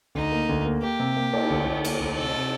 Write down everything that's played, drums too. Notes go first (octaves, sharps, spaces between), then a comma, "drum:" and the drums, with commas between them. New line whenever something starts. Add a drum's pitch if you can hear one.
D2 D#4
A#3
D2
A#3
A#3 G4
C3
A#3
A#3, drum: cymbal
D2
D2
A#3, drum: cymbal
D2
C3 A4
C3